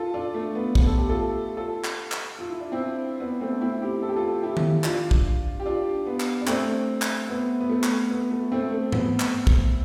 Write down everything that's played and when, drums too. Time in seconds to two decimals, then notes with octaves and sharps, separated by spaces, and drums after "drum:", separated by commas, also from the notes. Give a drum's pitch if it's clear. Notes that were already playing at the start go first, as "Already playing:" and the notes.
Already playing: F4 A4
0.14 D4 F4
0.34 A3
0.55 B3
0.75 drum: kick
0.86 A4
0.98 G4
1.09 F4 A4
1.57 F4 A4
1.84 drum: clap
2.12 drum: clap
2.39 F4
2.50 E4
2.61 D4
2.72 C4 E4
3.20 B3 D4
3.41 A3 C4
3.61 C4 E4
3.82 E4 G4
4.02 A4
4.09 G4
4.16 F4 A4
4.43 E4 G4
4.57 drum: tom D#3
4.84 D4 F4, drum: clap
5.11 drum: kick
5.60 G4
5.66 D4 F4
6.06 B3
6.20 drum: clap
6.41 D4
6.47 A3 C4, drum: clap
7.02 drum: clap
7.29 B3
7.61 B3
7.69 A3
7.83 drum: clap
8.11 B3
8.31 A3
8.52 A3 C4
8.72 A3
8.92 B3, drum: tom G#2
9.20 drum: clap
9.47 drum: kick